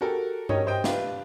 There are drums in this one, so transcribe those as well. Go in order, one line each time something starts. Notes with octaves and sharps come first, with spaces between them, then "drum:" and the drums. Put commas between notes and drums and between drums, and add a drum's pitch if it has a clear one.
F#4 G4 A4 A#4
F#3 C#4 G4 A#4 C#5 D#5, drum: tom G2
G4 C5 D#5 G5
D4 F4 G4 B4, drum: snare